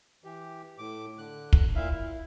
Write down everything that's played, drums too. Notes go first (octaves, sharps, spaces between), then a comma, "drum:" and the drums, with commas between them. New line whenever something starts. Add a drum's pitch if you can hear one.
E3 G4
A2 D6
D3 F#6
drum: kick
A#2 E4 E5 F5
E4